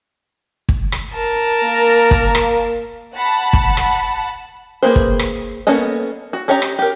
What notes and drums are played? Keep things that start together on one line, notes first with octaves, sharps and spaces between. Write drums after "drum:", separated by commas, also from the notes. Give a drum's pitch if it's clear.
drum: kick
drum: rim click
A#4 A5
A#3
drum: kick
drum: rim click
F#5 A5 B5
drum: kick
drum: rim click
A#3 C#4 G#4 B4 C5
drum: kick
drum: rim click
A#3 B3 C#4 A4 D#5
F#4
C#4 G4 C#5 D#5 A#5
drum: rim click
G4 A#4